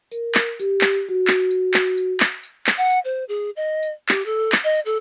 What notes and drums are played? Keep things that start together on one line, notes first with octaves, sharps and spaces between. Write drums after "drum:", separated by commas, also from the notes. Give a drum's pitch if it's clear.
A#4, drum: tambourine
drum: clap
G4, drum: tambourine
drum: clap
F#4
drum: clap
drum: tambourine
drum: clap
drum: tambourine
drum: clap
drum: tambourine
drum: clap
F#5
drum: tambourine
C5
G#4
D#5
drum: tambourine
G4, drum: clap
A4
drum: clap
D#5
drum: tambourine
A4